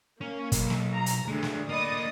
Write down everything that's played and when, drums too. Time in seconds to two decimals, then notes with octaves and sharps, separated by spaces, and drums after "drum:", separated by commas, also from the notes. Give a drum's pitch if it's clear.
0.21 A#3 C#4
0.52 B1, drum: kick, hi-hat
0.70 drum: snare
0.94 A#5
1.06 drum: hi-hat
1.28 D2 G#3 D4
1.43 drum: snare
1.69 A#3 D5 D#5 B5 D#6